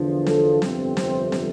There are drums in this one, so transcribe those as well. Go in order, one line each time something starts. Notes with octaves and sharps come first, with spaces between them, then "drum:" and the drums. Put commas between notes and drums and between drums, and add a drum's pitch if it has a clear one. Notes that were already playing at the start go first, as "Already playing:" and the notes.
Already playing: E2 D3 F3
A4, drum: snare
G1 F2 C3 C4, drum: snare
C4, drum: snare
drum: snare